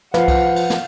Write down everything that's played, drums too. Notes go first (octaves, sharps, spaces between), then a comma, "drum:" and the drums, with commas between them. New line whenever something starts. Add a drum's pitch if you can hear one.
F3 B4 F5 F#5, drum: snare
drum: kick C2, cymbal
drum: cymbal
drum: snare